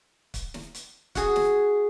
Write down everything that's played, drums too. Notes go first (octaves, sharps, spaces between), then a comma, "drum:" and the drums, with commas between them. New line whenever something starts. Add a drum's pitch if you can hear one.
drum: kick, hi-hat
drum: snare
drum: hi-hat
F#4 G#4, drum: kick, hi-hat
drum: snare